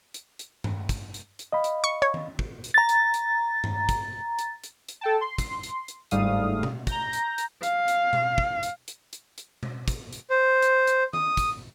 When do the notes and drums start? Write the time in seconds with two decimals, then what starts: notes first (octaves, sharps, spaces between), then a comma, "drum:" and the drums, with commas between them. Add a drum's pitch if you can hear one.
0.14 drum: hi-hat
0.39 drum: hi-hat
0.64 drum: tom G2
0.89 drum: kick, hi-hat
1.14 drum: hi-hat
1.39 drum: hi-hat
1.52 D#5 F5 B5
1.64 drum: hi-hat
1.84 C#6
2.02 C#5
2.14 drum: tom D#3
2.39 drum: kick
2.64 drum: hi-hat
2.74 A#5 A6
2.89 drum: hi-hat
3.14 drum: hi-hat
3.64 drum: tom G2
3.89 drum: kick, hi-hat
4.39 drum: hi-hat
4.64 drum: hi-hat
4.89 drum: hi-hat
5.01 A4 G5 A5
5.21 C6
5.38 drum: kick, hi-hat
5.63 drum: hi-hat
5.88 drum: hi-hat
6.11 G1 G#2 G3 A3 F5 D#6, drum: hi-hat
6.63 drum: tom B2
6.87 A#5 G6 A#6, drum: kick, hi-hat
7.13 drum: hi-hat
7.38 drum: hi-hat
7.63 F5, drum: hi-hat
7.88 drum: hi-hat
8.13 drum: tom B2
8.38 drum: kick
8.63 drum: hi-hat
8.88 drum: hi-hat
9.13 drum: hi-hat
9.38 drum: hi-hat
9.63 drum: tom B2
9.88 drum: kick, hi-hat
10.13 drum: hi-hat
10.30 C5
10.62 drum: hi-hat
10.87 drum: hi-hat
11.13 D#6, drum: tom D#3
11.37 drum: kick, hi-hat